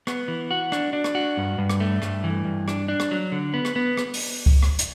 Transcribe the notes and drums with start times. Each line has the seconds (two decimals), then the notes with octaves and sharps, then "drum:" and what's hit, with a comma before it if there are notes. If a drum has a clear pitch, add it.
0.07 B3, drum: rim click
0.28 E3
0.51 F#4
0.72 D4, drum: rim click
0.93 D4
1.04 drum: rim click
1.15 F#4
1.37 G2
1.58 G2
1.70 drum: rim click
1.80 A3
2.02 G2, drum: rim click
2.24 E3
2.45 G2
2.68 D4, drum: rim click
2.88 D4
3.00 drum: rim click
3.11 F#3
3.32 D3
3.54 B3
3.65 drum: rim click
3.76 B3
3.97 drum: rim click
4.14 drum: open hi-hat
4.46 drum: kick C#2
4.63 drum: rim click
4.79 drum: hi-hat